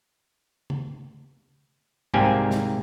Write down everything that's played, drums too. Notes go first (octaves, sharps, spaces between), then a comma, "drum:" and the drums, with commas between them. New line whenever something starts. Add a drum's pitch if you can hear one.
drum: tom C#3
C2 G#2 A#3 C4 G4 G#5, drum: tom G#2
drum: snare